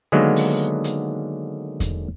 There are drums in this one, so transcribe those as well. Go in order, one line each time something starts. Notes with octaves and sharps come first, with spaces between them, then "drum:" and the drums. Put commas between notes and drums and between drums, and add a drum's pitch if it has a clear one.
D3 D#3 F#3 G#3 A#3 B3
drum: open hi-hat
drum: hi-hat
drum: kick E2, hi-hat